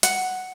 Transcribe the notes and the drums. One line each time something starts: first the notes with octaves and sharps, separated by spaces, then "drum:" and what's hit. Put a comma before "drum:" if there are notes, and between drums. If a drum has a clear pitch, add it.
F#5, drum: hi-hat